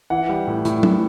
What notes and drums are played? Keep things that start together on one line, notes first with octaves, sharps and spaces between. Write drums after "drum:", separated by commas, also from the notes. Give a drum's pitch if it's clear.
E3 F#5
G3
A2
A2, drum: hi-hat
E3, drum: tom